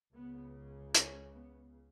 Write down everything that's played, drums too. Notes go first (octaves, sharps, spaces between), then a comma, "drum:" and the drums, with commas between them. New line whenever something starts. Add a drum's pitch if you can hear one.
C#2 C#3 B3
C#4, drum: hi-hat
B3